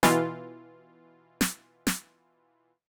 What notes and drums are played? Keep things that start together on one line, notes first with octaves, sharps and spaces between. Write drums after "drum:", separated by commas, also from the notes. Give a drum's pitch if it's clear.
B2 E3 F4, drum: snare
drum: snare
drum: snare